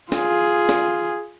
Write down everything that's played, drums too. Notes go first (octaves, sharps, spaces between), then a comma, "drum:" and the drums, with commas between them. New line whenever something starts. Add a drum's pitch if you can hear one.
F4 G#4, drum: snare
drum: snare